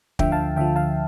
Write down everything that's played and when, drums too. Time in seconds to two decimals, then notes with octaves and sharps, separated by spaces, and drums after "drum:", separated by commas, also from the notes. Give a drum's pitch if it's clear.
0.19 D2 D3 F3 E5 G5, drum: kick
0.32 F5 A5
0.56 D2 D3 F3 E5 G5
0.76 F5 A5